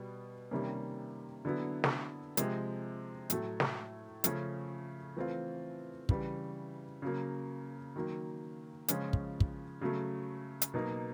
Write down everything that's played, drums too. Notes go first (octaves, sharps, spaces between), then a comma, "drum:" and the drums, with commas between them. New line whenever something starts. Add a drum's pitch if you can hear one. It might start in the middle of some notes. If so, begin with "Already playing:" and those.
Already playing: B2 G3 B3
C3 D#3 G3 A#3 C#4
D3 F#3 B3 E4
drum: snare
C3 F3 G#3 C4, drum: hi-hat
A2 F#3 A3, drum: hi-hat
drum: snare
C#3 F3 A3 C#4, drum: hi-hat
E3 A3 C4 F4
C#3 E3 G3, drum: kick
C#3 F#3 A#3
D#3 F#3 A#3
C#3 F3 G#3 C#4 F4, drum: hi-hat
drum: kick
drum: kick
C#3 F#3 A3
drum: hi-hat
B2 F#3 A#3 D#4